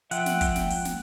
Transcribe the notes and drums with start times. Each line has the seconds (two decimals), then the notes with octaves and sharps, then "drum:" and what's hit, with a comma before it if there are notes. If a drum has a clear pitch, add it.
0.11 F3 E5 F#5 G5, drum: hi-hat
0.26 drum: snare
0.41 drum: kick, hi-hat
0.56 drum: snare
0.70 drum: open hi-hat
0.85 drum: snare